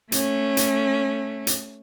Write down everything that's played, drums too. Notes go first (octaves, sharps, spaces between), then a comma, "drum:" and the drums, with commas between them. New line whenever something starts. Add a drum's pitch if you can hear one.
A3 C#4, drum: hi-hat
drum: hi-hat
drum: hi-hat